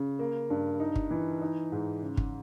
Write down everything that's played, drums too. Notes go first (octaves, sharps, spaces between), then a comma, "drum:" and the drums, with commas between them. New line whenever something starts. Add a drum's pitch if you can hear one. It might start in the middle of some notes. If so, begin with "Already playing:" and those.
Already playing: C#3
A#3
G2
D#4
drum: kick
E3
D#4
G#2
C#3
drum: kick